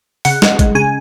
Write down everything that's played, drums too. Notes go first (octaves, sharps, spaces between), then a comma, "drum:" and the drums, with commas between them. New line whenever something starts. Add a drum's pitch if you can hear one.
C#3 F#5, drum: open hi-hat
G#3, drum: snare
G#3, drum: kick, hi-hat
C#3 G#5